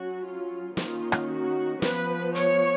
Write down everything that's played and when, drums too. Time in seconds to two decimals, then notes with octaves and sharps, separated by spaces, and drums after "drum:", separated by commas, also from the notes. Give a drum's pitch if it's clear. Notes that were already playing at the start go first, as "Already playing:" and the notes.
Already playing: F#3 C#4 F#4
0.26 F4
0.77 D#3 A#3 C#4 F4, drum: snare
1.12 drum: rim click
1.30 F#4
1.82 F3 B3 B4, drum: snare
2.35 C#5, drum: hi-hat